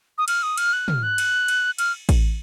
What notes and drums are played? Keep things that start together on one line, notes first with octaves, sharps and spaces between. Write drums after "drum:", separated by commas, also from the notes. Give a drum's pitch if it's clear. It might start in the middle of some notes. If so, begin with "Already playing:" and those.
D#6
F6, drum: cymbal
D#6
F6, drum: cymbal
F#6
F6, drum: tom
F#6
drum: cymbal
drum: cymbal
F6, drum: cymbal
drum: kick A1, cymbal